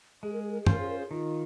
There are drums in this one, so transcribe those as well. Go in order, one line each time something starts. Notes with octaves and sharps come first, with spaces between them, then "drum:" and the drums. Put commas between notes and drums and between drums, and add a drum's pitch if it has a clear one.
G#3 G#4
A#4
G#4
A#4
G#4
C#4 F4 A#4 C5, drum: tom F#2
G#4
A#4
G#4
D#3 F4